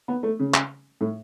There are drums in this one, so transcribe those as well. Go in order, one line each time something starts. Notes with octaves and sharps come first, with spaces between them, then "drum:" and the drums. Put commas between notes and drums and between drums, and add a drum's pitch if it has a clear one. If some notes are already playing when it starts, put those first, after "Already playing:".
B3
A3
C#3
drum: clap
A2